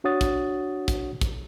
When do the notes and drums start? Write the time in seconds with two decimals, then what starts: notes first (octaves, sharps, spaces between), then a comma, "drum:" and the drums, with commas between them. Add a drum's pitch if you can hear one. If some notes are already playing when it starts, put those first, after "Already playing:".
0.04 D4 F#4 C#5 F#5 D#6 A6
0.21 drum: kick, hi-hat
0.88 drum: kick, hi-hat
1.21 drum: kick, hi-hat